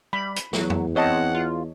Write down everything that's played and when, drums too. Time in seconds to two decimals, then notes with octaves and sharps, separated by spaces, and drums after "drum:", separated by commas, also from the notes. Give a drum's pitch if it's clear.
0.13 G3 B5
0.36 drum: hi-hat
0.53 E2 F#3, drum: snare
0.70 drum: tom F2
0.96 C4 C#5 D#5 F#5 A5
1.34 F4